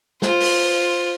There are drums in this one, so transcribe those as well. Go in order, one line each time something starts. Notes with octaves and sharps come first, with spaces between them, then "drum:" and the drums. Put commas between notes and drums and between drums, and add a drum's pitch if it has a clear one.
F4 C5, drum: snare
drum: open hi-hat